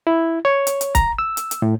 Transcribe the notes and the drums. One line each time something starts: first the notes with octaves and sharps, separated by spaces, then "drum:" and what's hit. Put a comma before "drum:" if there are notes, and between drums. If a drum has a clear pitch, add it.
E4
C#5
drum: hi-hat
drum: hi-hat
A#5, drum: kick, hi-hat
E6
drum: hi-hat
drum: hi-hat
A2